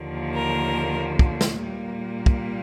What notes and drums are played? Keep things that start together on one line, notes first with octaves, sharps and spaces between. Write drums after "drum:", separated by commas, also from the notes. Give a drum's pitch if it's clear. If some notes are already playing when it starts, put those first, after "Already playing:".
Already playing: D#2 D3 F3 A#3
A#4
drum: kick
drum: snare
A#2 G3 A#3
drum: kick